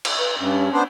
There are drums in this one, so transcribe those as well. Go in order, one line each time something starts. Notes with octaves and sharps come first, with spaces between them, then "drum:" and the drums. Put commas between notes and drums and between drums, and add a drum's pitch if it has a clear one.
drum: cymbal
B4
G2 C#4
B3 D4 C5